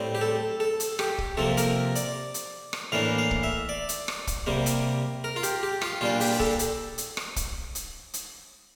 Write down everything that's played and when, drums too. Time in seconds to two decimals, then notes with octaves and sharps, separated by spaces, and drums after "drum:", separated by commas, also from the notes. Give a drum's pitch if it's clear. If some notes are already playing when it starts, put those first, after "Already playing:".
Already playing: A2 G3 C4
0.15 G4
0.21 A4
0.60 A4
0.80 drum: hi-hat
0.99 G4, drum: rim click
1.18 drum: kick
1.37 C3 F3 A#3 A4
1.57 A#4, drum: hi-hat
1.96 D5, drum: hi-hat
2.34 drum: hi-hat
2.73 drum: rim click
2.92 A2 E3 A#3 D4 F5
3.18 F5
3.31 drum: kick
3.43 E5
3.69 D5
3.89 drum: hi-hat
4.08 drum: rim click
4.27 drum: kick, hi-hat
4.47 C3 G3 A#3
4.66 drum: hi-hat
5.24 A#4
5.36 F4
5.43 G4, drum: hi-hat
5.63 G4
5.82 F4, drum: rim click
6.01 A#2 G3 D4 F4
6.20 G4, drum: open hi-hat
6.40 A4, drum: kick
6.59 drum: hi-hat
6.98 drum: hi-hat
7.17 drum: rim click
7.36 drum: kick, hi-hat
7.75 drum: hi-hat
8.14 drum: hi-hat